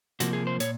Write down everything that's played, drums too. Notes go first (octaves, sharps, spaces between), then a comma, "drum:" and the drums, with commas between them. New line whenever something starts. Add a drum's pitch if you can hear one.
C3 F3 A#3 F#4, drum: hi-hat
G#4
C5
A#2 C#5, drum: hi-hat